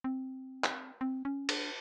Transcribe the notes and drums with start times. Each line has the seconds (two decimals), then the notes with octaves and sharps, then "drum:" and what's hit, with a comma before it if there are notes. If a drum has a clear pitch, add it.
0.04 C4
0.64 drum: clap
1.01 C4
1.25 C#4
1.49 D4, drum: cymbal